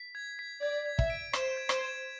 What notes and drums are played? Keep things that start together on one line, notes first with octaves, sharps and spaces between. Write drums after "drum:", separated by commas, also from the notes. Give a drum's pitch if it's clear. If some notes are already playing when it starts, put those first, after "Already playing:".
Already playing: B6
G#6
B6
D5 G#6
G#6
E5, drum: kick
D7
C5 E7, drum: rim click
G#6
C5, drum: rim click
G#6